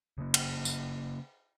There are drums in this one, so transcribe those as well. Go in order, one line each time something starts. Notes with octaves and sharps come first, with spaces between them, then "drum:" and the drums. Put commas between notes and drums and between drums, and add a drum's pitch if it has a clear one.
C#3 A#3
drum: cymbal
drum: tambourine